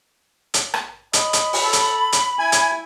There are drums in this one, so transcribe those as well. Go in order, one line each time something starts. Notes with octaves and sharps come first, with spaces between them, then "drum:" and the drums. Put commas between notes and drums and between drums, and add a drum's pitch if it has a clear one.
drum: hi-hat
drum: rim click
D#5 B5, drum: hi-hat
drum: hi-hat
drum: open hi-hat
A4
drum: hi-hat
drum: hi-hat
E4 G#5
drum: hi-hat